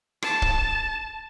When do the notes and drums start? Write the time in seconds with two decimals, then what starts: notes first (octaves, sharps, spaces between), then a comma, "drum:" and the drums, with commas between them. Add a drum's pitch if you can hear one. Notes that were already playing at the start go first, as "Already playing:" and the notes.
0.22 A5, drum: rim click
0.42 drum: kick